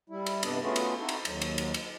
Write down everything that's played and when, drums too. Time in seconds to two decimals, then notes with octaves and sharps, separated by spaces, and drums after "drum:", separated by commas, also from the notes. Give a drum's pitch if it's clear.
0.10 G3 E4
0.26 drum: cymbal
0.43 G2 C3 B3 D4 D#5, drum: cymbal
0.63 A3 B3 C#4 F4 F#4 G#4
0.76 drum: cymbal
1.00 C4 D#4 E4 F#4 A4
1.09 drum: cymbal
1.25 D#2 F#3, drum: cymbal
1.41 drum: cymbal
1.58 drum: cymbal
1.74 drum: cymbal